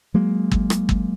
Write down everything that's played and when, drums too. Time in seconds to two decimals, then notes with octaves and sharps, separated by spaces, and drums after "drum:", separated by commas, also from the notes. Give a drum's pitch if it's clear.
0.14 F#3 G#3 A#3
0.51 drum: kick G1
0.70 drum: rim click
0.89 drum: kick G1